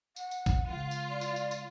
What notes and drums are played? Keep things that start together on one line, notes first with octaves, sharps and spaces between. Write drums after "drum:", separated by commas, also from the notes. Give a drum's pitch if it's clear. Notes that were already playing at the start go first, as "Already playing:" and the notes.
F#5, drum: tambourine
drum: tambourine
drum: kick, tambourine
C#3 G#3 F4
drum: tambourine
D5
drum: tambourine
drum: tambourine
drum: tambourine